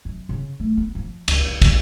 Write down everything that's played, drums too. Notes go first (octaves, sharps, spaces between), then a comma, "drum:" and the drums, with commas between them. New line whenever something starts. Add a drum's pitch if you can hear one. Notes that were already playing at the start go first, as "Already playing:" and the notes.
F#2
C#3
A3
B3
F3
C#2, drum: cymbal
C#2
D3, drum: kick, cymbal